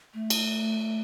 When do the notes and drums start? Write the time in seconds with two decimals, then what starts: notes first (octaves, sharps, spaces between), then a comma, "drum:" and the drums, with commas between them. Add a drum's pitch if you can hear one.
0.14 A3
0.30 drum: cymbal